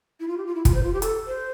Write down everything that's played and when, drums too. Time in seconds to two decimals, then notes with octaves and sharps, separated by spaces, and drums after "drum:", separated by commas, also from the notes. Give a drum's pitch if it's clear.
0.20 E4
0.28 F4
0.38 G4
0.46 F4
0.55 E4
0.65 F4, drum: kick, hi-hat
0.74 C5
0.83 F4
0.93 G4
1.02 A4, drum: hi-hat
1.27 C5